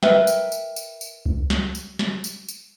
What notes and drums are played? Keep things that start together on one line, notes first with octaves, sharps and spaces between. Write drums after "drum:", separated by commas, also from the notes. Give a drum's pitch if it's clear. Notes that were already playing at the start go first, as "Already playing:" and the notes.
A#4 B4 E5 G5, drum: snare
drum: tambourine
drum: tambourine
drum: tambourine
drum: tambourine
drum: kick C#2
drum: snare
drum: tambourine
drum: snare
drum: tambourine
drum: tambourine